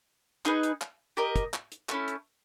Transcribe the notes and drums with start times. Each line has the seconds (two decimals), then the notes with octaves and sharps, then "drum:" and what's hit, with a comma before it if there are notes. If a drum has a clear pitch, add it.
0.46 D#4 G#4 B4, drum: clap
0.63 drum: hi-hat
0.81 drum: clap
1.17 G4 A#4 D#5
1.36 drum: kick, hi-hat
1.54 drum: clap
1.72 drum: hi-hat
1.89 A3 C#4 E4, drum: clap
2.08 drum: hi-hat